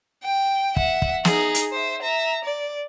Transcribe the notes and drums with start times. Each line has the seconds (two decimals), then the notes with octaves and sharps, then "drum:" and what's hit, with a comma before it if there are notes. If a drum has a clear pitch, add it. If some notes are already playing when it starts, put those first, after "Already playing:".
0.24 G5
0.77 E5 F#5, drum: kick
1.02 drum: kick
1.25 D#4 G#4, drum: snare
1.54 drum: hi-hat
1.72 C5 E5
2.02 E5 A#5
2.44 D5